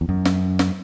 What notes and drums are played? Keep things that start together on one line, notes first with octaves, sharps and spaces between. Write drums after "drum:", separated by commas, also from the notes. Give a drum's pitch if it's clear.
E2
F#2
drum: snare
drum: snare